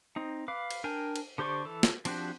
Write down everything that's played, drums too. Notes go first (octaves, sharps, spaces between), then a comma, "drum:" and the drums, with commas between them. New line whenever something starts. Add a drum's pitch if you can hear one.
C4 D#4
B4 F5 D6
drum: cymbal
D4 A#4 G5 G#5
drum: cymbal
D3 G4 C5 D5 C#6
E3 A4
drum: snare
F3 C4 D4 F#4 G4, drum: cymbal